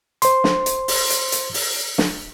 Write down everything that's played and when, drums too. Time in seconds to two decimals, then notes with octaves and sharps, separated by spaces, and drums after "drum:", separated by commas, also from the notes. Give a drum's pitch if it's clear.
0.22 C5 C6, drum: hi-hat
0.44 drum: snare
0.66 drum: hi-hat
0.88 drum: open hi-hat
1.10 drum: hi-hat
1.32 drum: hi-hat
1.54 drum: open hi-hat
1.98 drum: snare